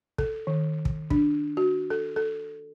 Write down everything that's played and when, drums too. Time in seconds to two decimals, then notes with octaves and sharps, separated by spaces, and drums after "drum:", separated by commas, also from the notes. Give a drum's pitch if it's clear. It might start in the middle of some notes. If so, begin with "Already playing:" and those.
0.18 A4, drum: kick
0.47 D#3
0.85 drum: kick
1.10 D4, drum: kick
1.57 F#4
1.90 A4
2.16 A4